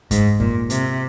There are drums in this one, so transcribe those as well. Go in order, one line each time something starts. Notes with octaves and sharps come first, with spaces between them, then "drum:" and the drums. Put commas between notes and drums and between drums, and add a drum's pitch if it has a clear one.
G#2, drum: kick F#2, hi-hat
A#2, drum: kick F#2
C3, drum: hi-hat